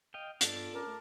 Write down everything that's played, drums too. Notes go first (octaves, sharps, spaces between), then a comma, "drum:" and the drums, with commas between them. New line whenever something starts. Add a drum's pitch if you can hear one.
D#5 F5 G5
G2 B3 D4 F4 A4 D5, drum: hi-hat
C#4 G4 A#4 A5 D6
A3